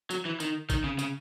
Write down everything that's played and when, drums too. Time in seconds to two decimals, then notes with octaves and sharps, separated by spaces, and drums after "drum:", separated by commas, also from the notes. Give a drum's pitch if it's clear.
0.10 F#3, drum: tambourine
0.25 E3
0.40 D#3, drum: tambourine
0.70 D#3, drum: kick, tambourine
0.84 C#3
0.99 C#3, drum: tambourine